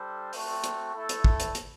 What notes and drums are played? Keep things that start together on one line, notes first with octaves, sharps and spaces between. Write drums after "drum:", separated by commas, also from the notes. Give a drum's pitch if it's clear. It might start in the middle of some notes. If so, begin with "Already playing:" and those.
Already playing: G3 D4 A4 C5
A3 C4 F#4, drum: open hi-hat
drum: hi-hat
A3 E4 A4
drum: hi-hat
drum: kick
drum: hi-hat
drum: hi-hat